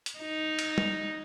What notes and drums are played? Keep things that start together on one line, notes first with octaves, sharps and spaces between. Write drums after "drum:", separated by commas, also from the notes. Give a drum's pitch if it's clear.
drum: hi-hat
D#4
drum: cymbal
drum: tom